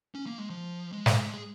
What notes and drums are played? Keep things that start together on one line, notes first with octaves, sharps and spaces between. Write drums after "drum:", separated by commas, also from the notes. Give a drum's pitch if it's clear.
C#4
A#3
G#3
F3
G#3
drum: snare
G#4